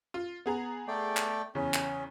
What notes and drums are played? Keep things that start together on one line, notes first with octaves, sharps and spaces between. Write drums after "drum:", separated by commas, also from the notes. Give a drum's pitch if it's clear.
F4
B3 G#4 A#5
A3 D5 G5
drum: clap
E2 C#3 C#4
drum: clap